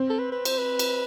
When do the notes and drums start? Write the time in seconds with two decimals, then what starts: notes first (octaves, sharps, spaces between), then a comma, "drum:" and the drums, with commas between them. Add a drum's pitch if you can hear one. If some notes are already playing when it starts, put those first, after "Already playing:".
Already playing: C4
0.10 A4
0.19 B4
0.32 B4
0.45 C5, drum: cymbal
0.58 B4
0.79 drum: cymbal